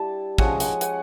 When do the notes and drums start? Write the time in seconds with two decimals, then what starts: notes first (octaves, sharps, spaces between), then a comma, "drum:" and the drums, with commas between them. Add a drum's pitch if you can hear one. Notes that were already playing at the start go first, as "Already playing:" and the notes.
Already playing: G3 D4 E4 G5 A5
0.38 F3 G#3 C#4 F#5 G#5, drum: kick
0.60 F#5 G#5, drum: hi-hat
0.81 F#5 G#5, drum: hi-hat